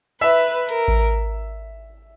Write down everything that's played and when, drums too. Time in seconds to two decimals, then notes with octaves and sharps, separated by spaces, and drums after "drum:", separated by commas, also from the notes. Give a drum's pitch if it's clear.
0.21 B4 E5
0.69 A#4, drum: hi-hat
0.88 drum: kick A1